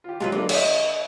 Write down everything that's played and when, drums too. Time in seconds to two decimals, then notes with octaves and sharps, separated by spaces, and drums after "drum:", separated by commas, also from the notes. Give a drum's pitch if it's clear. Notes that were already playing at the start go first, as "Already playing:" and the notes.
0.04 F4 G4
0.20 F#3 G#3 F4 A#4 B4
0.32 A#3 D4 D#4 A4 B4
0.49 D#5 E5, drum: cymbal